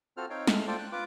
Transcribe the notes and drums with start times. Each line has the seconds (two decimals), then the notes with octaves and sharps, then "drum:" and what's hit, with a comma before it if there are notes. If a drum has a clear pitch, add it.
0.17 C4 F4 F#4 A4 C5 F6
0.30 C4 D#4 C#5 F5 G5
0.47 G#3 A3 F6, drum: snare
0.67 F4 A4 C5 D5 G5
0.79 G5 F#6
0.92 F4 B4 D6